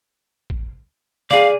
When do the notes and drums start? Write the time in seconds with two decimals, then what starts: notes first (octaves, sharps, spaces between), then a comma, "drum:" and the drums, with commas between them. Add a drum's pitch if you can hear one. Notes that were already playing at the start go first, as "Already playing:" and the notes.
0.50 drum: kick A1
1.31 G#4 D5 F5, drum: snare